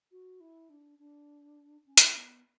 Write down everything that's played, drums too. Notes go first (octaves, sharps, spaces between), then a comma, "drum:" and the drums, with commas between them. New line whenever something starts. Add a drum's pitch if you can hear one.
F#4
E4
D4
D4
C#4
drum: hi-hat
B3